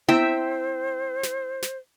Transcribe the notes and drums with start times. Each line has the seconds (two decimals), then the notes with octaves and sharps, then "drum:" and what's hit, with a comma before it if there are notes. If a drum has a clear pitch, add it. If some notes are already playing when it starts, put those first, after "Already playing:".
0.09 C4 E4 C5 E5 G5, drum: tom B3
1.23 drum: snare
1.62 drum: snare